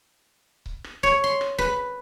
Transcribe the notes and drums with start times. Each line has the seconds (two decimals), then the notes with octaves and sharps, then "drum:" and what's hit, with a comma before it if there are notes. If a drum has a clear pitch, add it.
0.66 drum: kick C#1
0.84 drum: rim click
1.03 C#5, drum: kick C#1
1.24 C6
1.41 drum: rim click
1.58 B4, drum: kick C#1